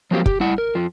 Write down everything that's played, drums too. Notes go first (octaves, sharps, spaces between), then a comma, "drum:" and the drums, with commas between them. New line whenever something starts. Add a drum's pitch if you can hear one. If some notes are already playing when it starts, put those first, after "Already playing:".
F3 F#3 A#3 C4 F4 G4
G4, drum: kick
G3 E4 F#5
A#4
F2 F3